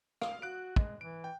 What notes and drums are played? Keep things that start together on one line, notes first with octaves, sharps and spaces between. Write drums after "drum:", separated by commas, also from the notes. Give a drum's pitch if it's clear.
F5, drum: rim click
F#4 F#6 D7
G#3, drum: kick
E3 D7
G5